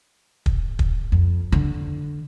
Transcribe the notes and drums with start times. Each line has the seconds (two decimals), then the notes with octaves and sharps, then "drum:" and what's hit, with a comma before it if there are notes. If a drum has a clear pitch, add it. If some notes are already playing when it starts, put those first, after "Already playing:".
0.46 drum: kick
0.79 drum: kick
1.12 F2
1.52 D3